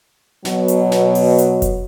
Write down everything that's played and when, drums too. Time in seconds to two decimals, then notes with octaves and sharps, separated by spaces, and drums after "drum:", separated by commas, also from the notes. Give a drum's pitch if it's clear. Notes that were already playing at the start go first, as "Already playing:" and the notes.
0.45 B2 F#3, drum: snare
0.68 drum: hi-hat
0.92 drum: snare
1.15 drum: open hi-hat
1.38 drum: hi-hat
1.62 drum: kick F1, hi-hat